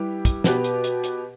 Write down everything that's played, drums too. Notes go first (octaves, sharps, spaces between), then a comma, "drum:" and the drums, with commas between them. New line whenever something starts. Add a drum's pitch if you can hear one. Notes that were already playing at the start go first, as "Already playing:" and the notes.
Already playing: G3 E4 G4 B4
drum: kick, hi-hat
B2 B3 G4 B4, drum: snare
drum: hi-hat
drum: hi-hat
drum: hi-hat